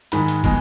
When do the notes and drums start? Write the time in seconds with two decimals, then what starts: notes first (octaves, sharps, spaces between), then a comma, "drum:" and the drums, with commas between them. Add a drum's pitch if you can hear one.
0.12 G#2 D#3 G#3 B5, drum: hi-hat
0.28 drum: hi-hat
0.44 B2 G#3, drum: kick, open hi-hat